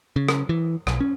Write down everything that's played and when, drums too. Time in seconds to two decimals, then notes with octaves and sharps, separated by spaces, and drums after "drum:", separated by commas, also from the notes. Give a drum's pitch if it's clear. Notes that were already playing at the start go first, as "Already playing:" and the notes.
0.16 C#3
0.29 drum: rim click
0.49 E3
0.87 B1, drum: rim click
1.00 C#4